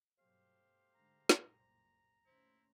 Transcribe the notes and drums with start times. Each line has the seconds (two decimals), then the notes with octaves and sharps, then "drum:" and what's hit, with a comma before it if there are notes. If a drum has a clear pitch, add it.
0.19 G2 B2 F#3 A3 G4 C5 F5
0.95 G#2 D3 G#3 A#5
1.29 F#1 C2 A#2, drum: snare
2.26 D#2 A3 C#4 E4 C5